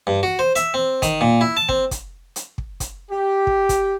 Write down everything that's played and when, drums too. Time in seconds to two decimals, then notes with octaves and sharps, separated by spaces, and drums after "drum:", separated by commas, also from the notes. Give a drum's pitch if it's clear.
0.07 G2
0.23 F#4
0.39 C5
0.56 E5, drum: hi-hat
0.74 C4
1.02 D#3, drum: kick, hi-hat
1.21 A#2
1.41 E4
1.57 A5
1.69 C4, drum: kick
1.91 drum: kick, hi-hat
2.36 drum: hi-hat
2.58 drum: kick
2.80 drum: kick, hi-hat
3.10 G4
3.47 drum: kick
3.69 drum: kick, hi-hat